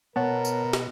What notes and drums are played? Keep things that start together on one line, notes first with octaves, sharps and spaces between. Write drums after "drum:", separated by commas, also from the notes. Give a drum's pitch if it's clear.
B2 B3 A#4 C#5 F#5 A5
drum: tambourine
drum: snare